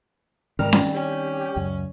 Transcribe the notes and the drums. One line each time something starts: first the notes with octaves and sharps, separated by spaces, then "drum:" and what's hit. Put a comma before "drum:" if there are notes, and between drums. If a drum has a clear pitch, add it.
G#2 D#3 G3 C4 D4 A#4 F6
drum: snare C#4
C#4 G4
C#2 F#2